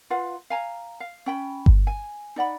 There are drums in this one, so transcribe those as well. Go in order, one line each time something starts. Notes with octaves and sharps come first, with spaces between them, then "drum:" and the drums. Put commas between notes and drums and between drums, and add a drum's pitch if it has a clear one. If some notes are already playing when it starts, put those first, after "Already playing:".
F4 B4 F5 F#5
F5 G#5 A#5
F5
C#4 G5 B5
drum: kick G1
G#5
D#4 D5 F#5 B5